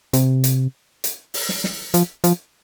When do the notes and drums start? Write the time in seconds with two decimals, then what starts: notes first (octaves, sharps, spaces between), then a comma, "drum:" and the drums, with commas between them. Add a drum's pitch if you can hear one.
0.13 C3, drum: hi-hat
0.44 drum: hi-hat
1.04 drum: hi-hat
1.34 drum: open hi-hat
1.49 drum: snare
1.64 drum: snare
1.94 F3, drum: hi-hat
2.24 F3, drum: hi-hat